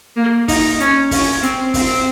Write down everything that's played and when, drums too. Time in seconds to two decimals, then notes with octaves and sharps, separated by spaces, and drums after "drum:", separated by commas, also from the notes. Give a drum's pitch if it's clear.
0.16 A#3
0.48 D#4, drum: kick, open hi-hat
0.80 C#4, drum: hi-hat
1.11 C#4, drum: kick, open hi-hat
1.43 C4, drum: hi-hat
1.74 C4, drum: kick, open hi-hat